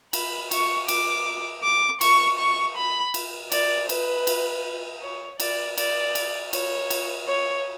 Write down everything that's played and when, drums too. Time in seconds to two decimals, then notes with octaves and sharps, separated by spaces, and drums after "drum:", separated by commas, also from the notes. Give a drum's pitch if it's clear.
0.13 B5, drum: cymbal
0.51 C#6, drum: cymbal
0.88 D6, drum: cymbal
1.63 D6
2.01 C#6, drum: cymbal
2.39 C#6
2.77 B5
3.14 drum: cymbal
3.52 D5, drum: cymbal
3.89 B4, drum: cymbal
4.27 drum: cymbal
5.03 C#5
5.40 D5, drum: cymbal
5.78 D5, drum: cymbal
6.15 drum: cymbal
6.53 C#5, drum: cymbal
6.90 drum: cymbal
7.28 C#5